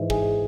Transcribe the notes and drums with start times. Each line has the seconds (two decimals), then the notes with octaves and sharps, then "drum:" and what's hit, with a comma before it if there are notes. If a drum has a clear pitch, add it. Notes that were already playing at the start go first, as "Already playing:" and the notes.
Already playing: G#2 E3
0.10 G#4, drum: kick